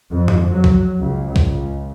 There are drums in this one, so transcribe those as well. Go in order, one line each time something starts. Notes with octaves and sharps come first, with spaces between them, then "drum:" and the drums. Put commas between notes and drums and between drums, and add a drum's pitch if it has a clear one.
F2
drum: tom F#2
F#3
drum: kick C2
C#2
drum: kick C2
C#2